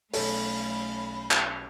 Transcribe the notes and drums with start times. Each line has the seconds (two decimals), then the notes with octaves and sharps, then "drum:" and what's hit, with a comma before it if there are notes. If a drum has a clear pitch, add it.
0.14 B1 A3 C#4 A4 F5 B5, drum: open hi-hat
1.31 drum: clap